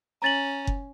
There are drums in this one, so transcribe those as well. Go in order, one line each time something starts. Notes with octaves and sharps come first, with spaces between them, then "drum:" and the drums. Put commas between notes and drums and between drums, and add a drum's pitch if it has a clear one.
C#4 A#5 A6 F#7
drum: kick F#1